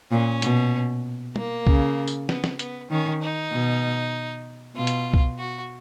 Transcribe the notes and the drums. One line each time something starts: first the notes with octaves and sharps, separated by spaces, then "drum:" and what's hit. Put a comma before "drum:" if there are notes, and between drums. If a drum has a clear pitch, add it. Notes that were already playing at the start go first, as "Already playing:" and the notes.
A#2 C#4
B2, drum: hi-hat
A#3, drum: tom
C#3, drum: kick C2
drum: tambourine
B3, drum: snare
drum: snare
B3, drum: hi-hat
D#3 C#4
D#4
B2
B2 F4
drum: hi-hat
drum: kick C2
F#4